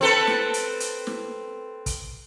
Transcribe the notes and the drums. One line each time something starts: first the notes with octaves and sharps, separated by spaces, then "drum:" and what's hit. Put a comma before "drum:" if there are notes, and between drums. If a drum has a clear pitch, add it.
C4 A4 B4
drum: snare
drum: hi-hat
drum: hi-hat
drum: snare
drum: kick, hi-hat